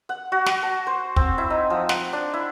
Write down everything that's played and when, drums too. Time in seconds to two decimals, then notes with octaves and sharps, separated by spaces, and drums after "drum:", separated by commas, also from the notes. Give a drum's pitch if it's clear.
0.09 F#5
0.32 F#4
0.46 F#4, drum: snare
0.63 A5
0.87 C5
1.16 C4, drum: kick
1.38 E4
1.50 D#4
1.70 F3
1.89 F#5, drum: snare
2.13 D4
2.34 E4